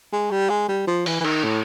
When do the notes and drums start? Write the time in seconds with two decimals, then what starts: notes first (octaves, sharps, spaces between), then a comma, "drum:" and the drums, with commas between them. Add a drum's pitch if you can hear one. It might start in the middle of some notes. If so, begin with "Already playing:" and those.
0.12 G#3
0.31 G3
0.49 G#3
0.68 G3
0.87 F3
1.06 E3, drum: open hi-hat
1.20 E3
1.24 D#3, drum: cymbal
1.44 A2